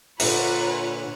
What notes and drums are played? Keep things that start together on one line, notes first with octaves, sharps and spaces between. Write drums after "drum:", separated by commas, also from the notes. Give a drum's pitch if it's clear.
A#2 D3 A#3 F4 B4 C#5 F#5 A#5, drum: open hi-hat